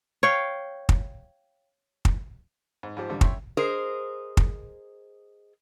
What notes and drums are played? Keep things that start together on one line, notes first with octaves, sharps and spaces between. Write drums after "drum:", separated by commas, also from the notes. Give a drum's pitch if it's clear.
C#5 F5 G5
drum: kick
drum: kick
G#2
G#2 F3 G4 C5
A1 D3 G3
C#5 E5 G5 C6, drum: kick
G#4 A#4 C5 D#5
drum: kick